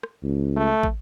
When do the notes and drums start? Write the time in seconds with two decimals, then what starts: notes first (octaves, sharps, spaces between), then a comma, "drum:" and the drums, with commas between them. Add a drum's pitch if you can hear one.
0.03 drum: rim click
0.23 C#2
0.57 A3
0.83 drum: kick